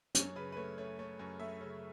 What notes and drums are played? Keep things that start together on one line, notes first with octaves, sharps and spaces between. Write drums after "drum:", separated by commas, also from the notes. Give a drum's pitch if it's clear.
F#2 C#5, drum: hi-hat
C#3 B4
B4
A3 C#5
A3 C#5
A3 C#5
F#2
A3 E5
C#3